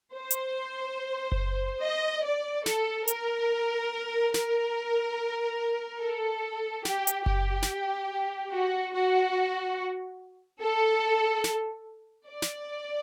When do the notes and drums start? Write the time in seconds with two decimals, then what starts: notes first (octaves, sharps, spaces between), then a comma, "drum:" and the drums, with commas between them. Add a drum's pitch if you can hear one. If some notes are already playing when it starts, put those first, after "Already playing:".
0.15 C5
0.31 drum: hi-hat
1.32 drum: kick F#1
1.82 D#5
2.25 D5
2.66 A4, drum: snare
3.08 A#4, drum: hi-hat
4.34 A#4, drum: snare
6.01 A4
6.85 G4, drum: snare
7.07 drum: hi-hat
7.26 G4, drum: kick F#1
7.62 drum: snare
8.52 F#4
8.94 F#4
10.61 A4
11.44 drum: snare
12.29 D5
12.42 drum: snare